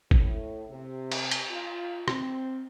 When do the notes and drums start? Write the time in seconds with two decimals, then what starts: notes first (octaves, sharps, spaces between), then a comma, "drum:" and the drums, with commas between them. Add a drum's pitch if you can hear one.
0.11 A2, drum: kick
0.69 C3
1.12 drum: cymbal
1.31 drum: hi-hat
1.50 F4
2.08 C4, drum: rim click